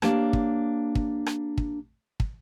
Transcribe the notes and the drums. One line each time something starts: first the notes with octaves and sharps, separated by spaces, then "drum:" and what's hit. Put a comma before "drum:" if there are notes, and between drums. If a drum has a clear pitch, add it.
A#3 D4 G4 C#5 A5, drum: rim click
drum: kick
drum: kick
drum: rim click
drum: kick
drum: kick